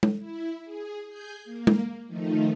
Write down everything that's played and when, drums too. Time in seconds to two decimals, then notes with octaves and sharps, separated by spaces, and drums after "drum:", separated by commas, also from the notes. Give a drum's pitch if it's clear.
0.03 drum: tom G#3
0.18 E4
0.64 G#4
1.08 G#4 G#5 G6
1.45 A#3
1.67 drum: tom G#3
2.07 D#3 F3 A3 D#4